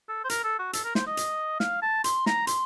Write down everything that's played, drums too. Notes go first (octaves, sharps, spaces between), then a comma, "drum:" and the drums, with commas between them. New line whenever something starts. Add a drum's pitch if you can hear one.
A4
C5
A#4, drum: hi-hat
A4
F#4
A4, drum: hi-hat
A#4
C5, drum: snare
D#5
drum: hi-hat
F5, drum: snare
A5
C6, drum: hi-hat
A#5, drum: snare
C6, drum: hi-hat